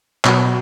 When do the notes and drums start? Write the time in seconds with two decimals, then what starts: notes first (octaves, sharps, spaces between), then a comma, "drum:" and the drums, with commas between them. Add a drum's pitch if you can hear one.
0.25 B2 F#3, drum: clap